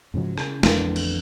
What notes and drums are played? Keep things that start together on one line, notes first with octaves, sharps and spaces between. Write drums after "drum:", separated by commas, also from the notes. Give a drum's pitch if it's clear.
G#2 C#3 F3 F#3
C#3, drum: rim click
A1 F2 D3 B3, drum: snare
drum: cymbal